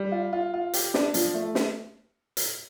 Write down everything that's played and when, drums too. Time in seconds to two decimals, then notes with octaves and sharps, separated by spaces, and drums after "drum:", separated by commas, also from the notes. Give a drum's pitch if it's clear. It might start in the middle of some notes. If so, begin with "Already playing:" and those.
Already playing: G3
0.12 F4
0.33 F4
0.53 F4
0.74 G4, drum: hi-hat
0.94 D4, drum: snare
1.14 F3, drum: hi-hat
1.34 A3
1.55 drum: snare
2.37 drum: hi-hat